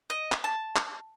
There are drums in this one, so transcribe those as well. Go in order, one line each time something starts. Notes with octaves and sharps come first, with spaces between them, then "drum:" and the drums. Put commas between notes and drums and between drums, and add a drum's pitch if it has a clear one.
D#5
drum: clap
A5
drum: clap